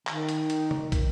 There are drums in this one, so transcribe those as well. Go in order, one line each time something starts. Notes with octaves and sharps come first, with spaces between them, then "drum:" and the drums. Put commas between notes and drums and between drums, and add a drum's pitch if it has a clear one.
D#3, drum: clap
drum: hi-hat
drum: hi-hat
drum: tom C3
drum: kick, hi-hat